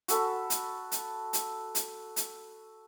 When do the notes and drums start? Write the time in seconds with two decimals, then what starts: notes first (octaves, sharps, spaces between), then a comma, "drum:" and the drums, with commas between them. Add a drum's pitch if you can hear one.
0.08 F#4 A4 B5, drum: hi-hat
0.50 drum: hi-hat
0.92 drum: hi-hat
1.33 drum: hi-hat
1.75 drum: hi-hat
2.16 drum: hi-hat